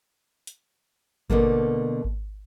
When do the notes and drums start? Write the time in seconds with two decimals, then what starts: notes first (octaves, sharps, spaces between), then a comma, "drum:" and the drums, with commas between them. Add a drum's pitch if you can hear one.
0.47 drum: hi-hat
1.30 B2 D3 A3 A#3, drum: kick G#1
2.04 drum: kick G#1